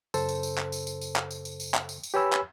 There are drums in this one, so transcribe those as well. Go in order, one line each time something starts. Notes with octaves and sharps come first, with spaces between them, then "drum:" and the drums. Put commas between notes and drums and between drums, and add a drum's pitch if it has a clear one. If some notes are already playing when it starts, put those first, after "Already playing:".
F#2 C#3 A4 C5, drum: tambourine
drum: tambourine
drum: tambourine
drum: clap
drum: tambourine
drum: tambourine
drum: tambourine
drum: clap
drum: tambourine
drum: tambourine
drum: tambourine
drum: clap
drum: tambourine
drum: tambourine
G4 B4 C#5 G#5 B5 E6
drum: clap